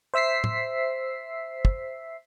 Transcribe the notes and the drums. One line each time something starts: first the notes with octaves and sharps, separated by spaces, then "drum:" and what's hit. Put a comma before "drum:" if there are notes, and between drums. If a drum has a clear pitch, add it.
C5 E5 E6 B6 C7
drum: tom
drum: kick